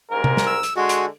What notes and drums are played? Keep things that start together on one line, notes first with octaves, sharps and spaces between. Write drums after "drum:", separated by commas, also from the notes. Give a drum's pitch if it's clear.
C2 G#2 A#4
drum: tom C3
drum: snare
E6
drum: hi-hat
D3 G#3 F#4
drum: hi-hat